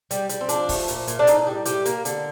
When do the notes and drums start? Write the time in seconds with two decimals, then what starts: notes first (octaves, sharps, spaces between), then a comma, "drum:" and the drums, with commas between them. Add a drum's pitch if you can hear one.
0.11 G3, drum: hi-hat
0.29 G3, drum: hi-hat
0.41 C4
0.49 F3 D4, drum: hi-hat
0.69 A3, drum: kick, open hi-hat
0.88 A#2, drum: hi-hat
1.08 A#2, drum: hi-hat
1.19 D4
1.27 A2 D#4, drum: hi-hat
1.47 G3
1.65 G3 G4, drum: hi-hat
1.85 A#3, drum: hi-hat
2.05 D3, drum: hi-hat